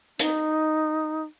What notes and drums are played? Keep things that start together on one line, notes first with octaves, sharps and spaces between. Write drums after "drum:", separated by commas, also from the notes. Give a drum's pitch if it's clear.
D#4, drum: hi-hat